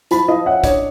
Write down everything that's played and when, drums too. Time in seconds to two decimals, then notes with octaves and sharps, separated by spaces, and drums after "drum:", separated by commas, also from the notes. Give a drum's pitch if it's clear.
0.11 F3 A5 B5, drum: hi-hat
0.28 F3 D#5 F5
0.46 C#4 E5 F#5
0.64 D4 C#5 D#5, drum: kick, hi-hat